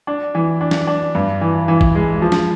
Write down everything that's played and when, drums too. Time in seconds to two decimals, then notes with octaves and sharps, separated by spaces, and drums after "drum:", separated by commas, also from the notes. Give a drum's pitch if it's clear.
0.07 D4
0.35 E3
0.61 D4
0.71 drum: snare
0.87 D4
1.15 G2
1.41 E3
1.68 E3
1.81 drum: kick
1.95 G#3
2.22 F3
2.32 drum: snare